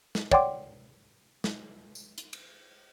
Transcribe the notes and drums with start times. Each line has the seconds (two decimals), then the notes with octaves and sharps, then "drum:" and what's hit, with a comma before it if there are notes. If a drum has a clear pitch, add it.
0.15 drum: snare
0.31 C#5 D5 F#5 G5 C6 D6, drum: kick
1.44 drum: snare
1.95 drum: tambourine
2.18 drum: hi-hat
2.33 drum: cymbal